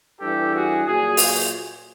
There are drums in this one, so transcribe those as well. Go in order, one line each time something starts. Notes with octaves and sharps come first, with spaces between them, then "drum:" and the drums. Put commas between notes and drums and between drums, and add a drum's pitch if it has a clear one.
G2 E3 G4 A4
F#4 G#4
A#2 F#3 F#4 G#4
drum: open hi-hat